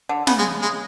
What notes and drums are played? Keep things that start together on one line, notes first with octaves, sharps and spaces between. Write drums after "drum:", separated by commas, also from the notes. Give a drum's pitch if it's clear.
D3
C#3 B3, drum: snare
G#3
G#3